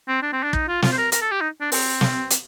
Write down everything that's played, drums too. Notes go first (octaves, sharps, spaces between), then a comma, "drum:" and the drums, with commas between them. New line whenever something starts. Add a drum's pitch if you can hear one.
C4
D4
C4
D4
D#4, drum: kick
F4
F4, drum: snare
C5
A#4
A#4, drum: hi-hat
A4
G4
D#4
D4
C4, drum: open hi-hat
drum: snare
drum: hi-hat